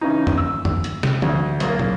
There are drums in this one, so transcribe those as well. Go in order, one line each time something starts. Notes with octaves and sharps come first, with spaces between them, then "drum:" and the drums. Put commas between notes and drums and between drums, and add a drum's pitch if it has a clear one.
C#3 E3 D#4
drum: tom F2
E6
drum: tom F2
drum: hi-hat
drum: snare
D2, drum: tom
B1 A#3, drum: hi-hat
drum: tom